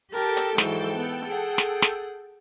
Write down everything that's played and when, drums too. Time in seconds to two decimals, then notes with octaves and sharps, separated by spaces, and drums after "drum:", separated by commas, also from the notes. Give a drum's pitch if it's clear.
0.12 G4 A4 A#4 G5 A5
0.37 drum: hi-hat
0.58 G#2 E3 F#3, drum: snare
0.94 B3
1.27 G#4 F#5
1.58 drum: snare
1.82 drum: snare